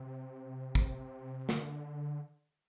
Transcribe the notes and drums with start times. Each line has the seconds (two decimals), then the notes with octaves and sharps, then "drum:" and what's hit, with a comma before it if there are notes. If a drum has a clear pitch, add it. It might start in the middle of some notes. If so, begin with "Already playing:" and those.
Already playing: C3
0.75 drum: kick
1.49 D3, drum: snare